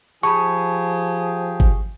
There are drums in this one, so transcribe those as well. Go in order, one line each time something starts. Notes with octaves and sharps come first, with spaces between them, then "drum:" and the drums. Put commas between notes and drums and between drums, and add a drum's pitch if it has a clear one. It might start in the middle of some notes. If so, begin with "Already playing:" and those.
F3 G4 G#4 A5 B5 C#6, drum: hi-hat
drum: kick G1